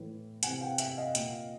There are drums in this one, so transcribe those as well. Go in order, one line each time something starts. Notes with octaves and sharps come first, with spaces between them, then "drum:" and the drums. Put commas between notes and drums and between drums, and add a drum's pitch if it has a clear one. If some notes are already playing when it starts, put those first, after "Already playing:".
Already playing: A2 E3
C3 E3 F#5 G#5, drum: hi-hat
F5 G5
E5 F#5, drum: hi-hat
D#5 F5
A#2, drum: hi-hat